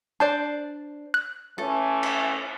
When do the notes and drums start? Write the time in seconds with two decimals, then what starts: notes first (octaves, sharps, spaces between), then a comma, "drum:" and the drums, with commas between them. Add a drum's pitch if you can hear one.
0.20 D4 C5 D5 A5
1.14 F#6
1.58 E3 A3 C#4 A4
2.03 drum: cymbal